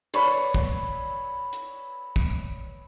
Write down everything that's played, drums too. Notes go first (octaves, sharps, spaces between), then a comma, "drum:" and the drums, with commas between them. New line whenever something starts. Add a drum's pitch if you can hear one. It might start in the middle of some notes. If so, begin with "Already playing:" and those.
B4 C#5 D5, drum: cymbal
drum: kick
drum: hi-hat
drum: kick